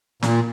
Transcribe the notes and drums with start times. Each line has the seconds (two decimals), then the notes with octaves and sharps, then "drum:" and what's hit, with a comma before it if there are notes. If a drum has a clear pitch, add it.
0.22 A#2, drum: snare